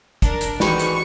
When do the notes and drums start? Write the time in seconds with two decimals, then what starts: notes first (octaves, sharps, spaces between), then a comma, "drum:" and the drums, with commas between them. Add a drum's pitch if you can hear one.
0.22 D4 A#4, drum: kick, hi-hat
0.41 drum: hi-hat
0.60 G#2 D#3 E3 F#4 B4 D5 C#6, drum: snare
0.79 drum: hi-hat